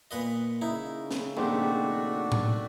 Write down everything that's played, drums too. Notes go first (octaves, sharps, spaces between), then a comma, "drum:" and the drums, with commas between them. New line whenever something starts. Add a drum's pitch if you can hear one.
A#2 B4 D#5
C#3 D#4 E4
drum: snare
A#1 D#3 A3 C4 D4 F#4 G4
drum: tom A2